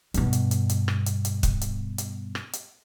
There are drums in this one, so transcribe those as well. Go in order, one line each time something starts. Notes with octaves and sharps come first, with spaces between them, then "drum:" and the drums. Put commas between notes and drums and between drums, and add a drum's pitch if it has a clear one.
G2 B2, drum: hi-hat
drum: hi-hat
drum: hi-hat
drum: hi-hat
drum: rim click
drum: hi-hat
drum: hi-hat
drum: kick, hi-hat
drum: hi-hat
drum: hi-hat
drum: rim click
drum: hi-hat